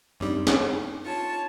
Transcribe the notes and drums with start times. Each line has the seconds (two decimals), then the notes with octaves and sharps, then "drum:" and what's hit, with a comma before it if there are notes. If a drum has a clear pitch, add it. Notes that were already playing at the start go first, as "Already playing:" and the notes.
0.20 F#2 G3 C4 D4 D#4
0.47 drum: snare
1.04 F4 C#5 A5